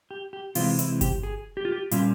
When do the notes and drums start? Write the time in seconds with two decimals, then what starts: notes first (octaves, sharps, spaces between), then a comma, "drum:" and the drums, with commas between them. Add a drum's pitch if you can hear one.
0.11 G4
0.33 G4
0.55 C3 E3 G#3 C4 F4, drum: open hi-hat
0.79 E4, drum: hi-hat
1.01 G4, drum: kick G1, hi-hat
1.23 G#4
1.57 G4
1.65 F4
1.72 G4
1.91 A#2 G3 C#4 F4, drum: hi-hat